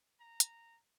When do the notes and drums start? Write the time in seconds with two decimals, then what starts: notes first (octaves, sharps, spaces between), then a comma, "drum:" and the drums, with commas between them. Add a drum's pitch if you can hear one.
0.21 A#5
0.40 drum: hi-hat